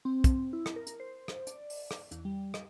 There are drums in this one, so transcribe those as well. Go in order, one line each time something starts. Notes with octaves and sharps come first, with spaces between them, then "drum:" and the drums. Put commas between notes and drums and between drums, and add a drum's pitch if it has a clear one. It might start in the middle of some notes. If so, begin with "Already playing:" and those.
C4
drum: kick, hi-hat
E4
drum: rim click
A#4
drum: hi-hat
C5
drum: rim click
D5, drum: hi-hat
drum: open hi-hat
drum: rim click
E2, drum: hi-hat
G3
D#5, drum: rim click